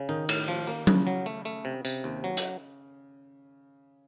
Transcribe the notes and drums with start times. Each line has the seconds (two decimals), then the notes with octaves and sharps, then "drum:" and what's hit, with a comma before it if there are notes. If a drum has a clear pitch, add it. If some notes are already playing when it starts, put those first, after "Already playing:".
Already playing: C#3
0.09 D#3 D#4
0.29 A2, drum: cymbal
0.48 F3
0.67 A#3
0.87 D#2 C#3, drum: tom F#3
1.07 F#3
1.26 A3
1.45 A3
1.65 C3
1.85 C3, drum: tambourine
2.04 D#2
2.24 F#3
2.37 drum: hi-hat